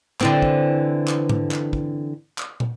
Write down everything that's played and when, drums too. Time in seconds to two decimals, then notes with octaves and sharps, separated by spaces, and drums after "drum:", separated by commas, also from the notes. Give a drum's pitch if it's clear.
0.21 D3 E3 C4, drum: clap
0.42 drum: kick
1.08 drum: clap
1.30 drum: tom G#2
1.51 drum: clap
1.73 drum: kick
2.38 drum: clap
2.60 drum: tom